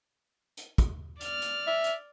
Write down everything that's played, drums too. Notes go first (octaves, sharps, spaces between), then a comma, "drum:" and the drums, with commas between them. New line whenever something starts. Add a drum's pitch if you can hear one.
drum: hi-hat
drum: kick, hi-hat
D5 F6, drum: hi-hat
drum: hi-hat
E5
drum: hi-hat